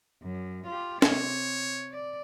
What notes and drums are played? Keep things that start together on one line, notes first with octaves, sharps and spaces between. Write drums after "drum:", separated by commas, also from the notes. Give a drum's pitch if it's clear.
F#2
F4 G4
C3 C#5, drum: snare
D5